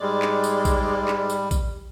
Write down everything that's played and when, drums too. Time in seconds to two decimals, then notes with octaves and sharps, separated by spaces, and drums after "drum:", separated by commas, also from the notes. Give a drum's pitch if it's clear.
0.01 G#2 G3 G#3 D5
0.22 drum: clap
0.44 drum: tambourine
0.65 drum: kick A#1, tambourine
1.08 drum: clap
1.30 drum: tambourine
1.51 drum: kick A#1, tambourine